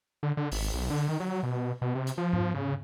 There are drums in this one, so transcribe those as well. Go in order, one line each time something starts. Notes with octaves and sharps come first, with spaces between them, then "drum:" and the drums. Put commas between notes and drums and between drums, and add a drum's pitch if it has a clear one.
D3
D3
G#1, drum: open hi-hat
B1
D3
D#3
F#3
B2
B2
C3
drum: hi-hat
F3
drum: tom G#2
C#3